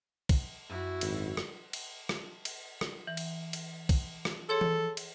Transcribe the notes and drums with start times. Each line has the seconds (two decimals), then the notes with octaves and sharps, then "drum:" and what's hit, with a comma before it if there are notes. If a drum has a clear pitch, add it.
0.29 drum: kick, cymbal
0.70 F#2 E4 F#4 G4
1.01 G#1, drum: cymbal
1.37 drum: rim click
1.73 drum: cymbal
2.09 drum: rim click
2.45 drum: cymbal
2.81 drum: rim click
3.07 E3
3.17 drum: cymbal
3.53 drum: cymbal
3.89 drum: kick, cymbal
4.25 drum: rim click
4.49 G#4 A4 C#5 C6
4.61 drum: tom E3
4.97 drum: cymbal